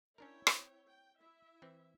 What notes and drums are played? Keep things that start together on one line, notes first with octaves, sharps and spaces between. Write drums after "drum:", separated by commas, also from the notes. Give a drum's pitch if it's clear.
C#4 D4 E4 A#4 C#5 G5
C4, drum: rim click
G5
E4 E5
E3 C4